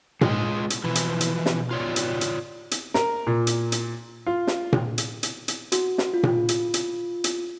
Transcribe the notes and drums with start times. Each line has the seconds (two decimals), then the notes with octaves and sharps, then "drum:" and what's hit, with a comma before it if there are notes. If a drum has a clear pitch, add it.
0.21 G#2 G#3 F4 D#5, drum: tom A#2
0.54 B2
0.70 drum: hi-hat
0.84 B2 E3 F3 E4
0.95 drum: hi-hat
1.21 drum: hi-hat
1.46 drum: snare
1.71 F4 C#5 D5
1.96 drum: hi-hat
2.21 drum: hi-hat
2.71 drum: hi-hat
2.94 A#4, drum: snare
3.27 A#2
3.47 drum: hi-hat
3.72 drum: hi-hat
4.26 F4
4.47 drum: snare
4.73 drum: tom A#2
4.98 drum: hi-hat
5.23 drum: hi-hat
5.48 drum: hi-hat
5.72 F#4, drum: hi-hat
5.98 drum: snare
6.14 F4
6.23 drum: tom A#2
6.49 drum: hi-hat
6.74 drum: hi-hat
7.24 drum: hi-hat